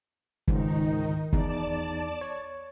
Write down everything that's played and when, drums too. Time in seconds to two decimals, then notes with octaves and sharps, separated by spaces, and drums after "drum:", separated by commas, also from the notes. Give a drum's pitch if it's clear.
0.48 C#2 G#2 D#3 D#4, drum: kick
1.33 E2 D#4 D5 A5, drum: kick
2.21 C#5